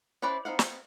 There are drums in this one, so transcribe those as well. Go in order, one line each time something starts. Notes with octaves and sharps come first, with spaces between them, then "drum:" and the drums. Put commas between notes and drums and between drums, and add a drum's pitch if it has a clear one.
C#4 E4 B4 C5 D5
B3 C4 D#4 F5 F#5
drum: snare